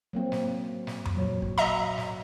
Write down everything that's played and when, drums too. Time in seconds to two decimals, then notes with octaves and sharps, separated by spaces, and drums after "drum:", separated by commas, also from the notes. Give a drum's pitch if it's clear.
0.13 F#3 A#3 C4
0.32 drum: snare
0.87 drum: snare
1.05 drum: tom F2
1.16 A#2 F#3 C#5
1.42 drum: kick
1.58 D#5 E5 A#5
1.98 drum: snare